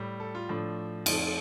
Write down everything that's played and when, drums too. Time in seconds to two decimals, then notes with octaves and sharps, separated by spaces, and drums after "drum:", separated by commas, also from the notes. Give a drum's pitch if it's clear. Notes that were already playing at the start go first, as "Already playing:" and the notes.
Already playing: A2 G3
0.20 A4
0.35 F4
0.49 A2 F3 A3 D4
1.06 F2 F3 A3 F4, drum: cymbal